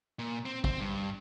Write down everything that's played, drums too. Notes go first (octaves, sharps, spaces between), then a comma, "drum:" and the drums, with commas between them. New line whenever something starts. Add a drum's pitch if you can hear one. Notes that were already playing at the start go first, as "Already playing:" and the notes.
A#2
C4
C4, drum: kick
G2